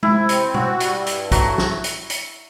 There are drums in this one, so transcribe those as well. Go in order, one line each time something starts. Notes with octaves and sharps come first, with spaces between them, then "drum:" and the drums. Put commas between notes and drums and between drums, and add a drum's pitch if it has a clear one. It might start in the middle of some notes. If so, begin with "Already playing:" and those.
C3 E4, drum: tom G#3
C4, drum: hi-hat
F#4, drum: tom B2
G3, drum: hi-hat
G2, drum: hi-hat
F#3 A3 F#4, drum: kick B1, hi-hat
drum: snare
drum: hi-hat
drum: hi-hat